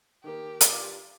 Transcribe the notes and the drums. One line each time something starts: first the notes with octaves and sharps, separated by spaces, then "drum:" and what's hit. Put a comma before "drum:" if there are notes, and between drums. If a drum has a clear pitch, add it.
D#3 A#3 G4
G2 F4 D5, drum: hi-hat